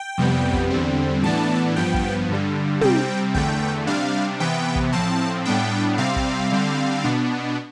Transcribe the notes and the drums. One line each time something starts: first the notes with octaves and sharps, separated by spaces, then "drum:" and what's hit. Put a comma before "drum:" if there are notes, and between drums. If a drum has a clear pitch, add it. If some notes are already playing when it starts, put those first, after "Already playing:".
Already playing: G5
F2 C3 G3 B3
drum: kick
E2 D3 G3 C4
A2 E3 B3 D4 A5
G2 F3 B3 G5
drum: kick
G2 D3 G3
C3 G3 C4 G5, drum: tom
E2 D3 A3 G5, drum: kick
C3 G3 D4 F5
C3 E3 B3 G5
drum: kick
A2 F3 C4 A5
A2 G3 B3 D4 G5
C3 G3 C4 F5
drum: kick
D3 G3 C4
B2 B3 D4